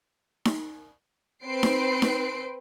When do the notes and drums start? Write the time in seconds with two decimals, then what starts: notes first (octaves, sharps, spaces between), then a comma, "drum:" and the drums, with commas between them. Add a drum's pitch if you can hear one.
0.45 drum: snare D#4
1.43 C4 B4 C5 C7 D7
1.63 drum: snare D#4
2.02 drum: snare D#4